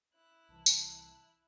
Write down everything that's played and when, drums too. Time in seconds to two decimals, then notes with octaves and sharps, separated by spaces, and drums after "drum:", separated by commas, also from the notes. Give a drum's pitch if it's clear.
0.14 E4 F#6
0.49 C2 E3 A5
0.66 drum: tambourine